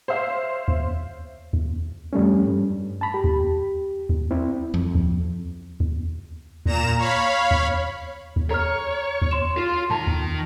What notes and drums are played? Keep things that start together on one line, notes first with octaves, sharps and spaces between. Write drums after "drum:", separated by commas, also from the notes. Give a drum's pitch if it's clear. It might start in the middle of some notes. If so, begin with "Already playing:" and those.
C5 C#5 E5 F5
drum: kick D#2
drum: kick D#2
F2 G3 A3 C#4
G2
A5 B5
G4
drum: kick D#2
drum: kick D#2
C4 E4
F2
drum: kick D#2
drum: kick D#2
A#2 A#5 E7, drum: kick D#2
C#5 F5 B5
drum: kick D#2
drum: kick D#2
C#5 A#5 F6
drum: kick D#2
C6 E7
F4
D#3 A5 A#5
drum: kick D#2